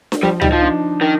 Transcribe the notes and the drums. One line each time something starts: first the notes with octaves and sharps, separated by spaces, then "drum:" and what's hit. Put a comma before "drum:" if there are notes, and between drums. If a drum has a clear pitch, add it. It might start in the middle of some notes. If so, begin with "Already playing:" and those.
drum: snare D4
F3 G3
G3 D#4, drum: tom C#2
F3
D4
D#3